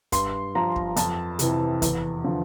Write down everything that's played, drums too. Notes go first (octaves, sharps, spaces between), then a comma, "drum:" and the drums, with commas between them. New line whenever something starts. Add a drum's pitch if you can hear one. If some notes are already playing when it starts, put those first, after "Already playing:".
G2 C6, drum: kick, hi-hat
F3 A#5
drum: kick
F2 A5, drum: hi-hat
C3 E3, drum: hi-hat
E2, drum: kick, hi-hat
D3 F3